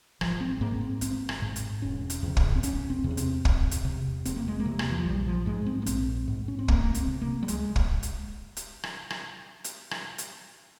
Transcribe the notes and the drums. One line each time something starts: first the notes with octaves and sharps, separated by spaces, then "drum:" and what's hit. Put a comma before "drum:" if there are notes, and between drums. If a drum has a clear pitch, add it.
G#1 F3, drum: rim click
C4
G#2 A#3
C4
G#1 C4, drum: hi-hat
drum: rim click
G#2
drum: hi-hat
E1 C#4
drum: hi-hat
E2 C3
drum: kick
C4
E1 C#4, drum: hi-hat
C4
E2 C3
C#4
C4, drum: hi-hat
E1, drum: kick
drum: hi-hat
E2 C3
E1 C4, drum: hi-hat
A#3
G#3
A#3
E2 C3
drum: rim click
E3
F3
A#1 G3
F3
G#2 G#3
C4
A#3
A#1 C4, drum: hi-hat
G#2
C#4
C4
C#2 A#3, drum: kick
A#3
C4, drum: hi-hat
C3
A#3
G3
C#2 G#3, drum: hi-hat
drum: kick
drum: hi-hat
drum: hi-hat
drum: rim click
drum: rim click
drum: hi-hat
drum: rim click
drum: hi-hat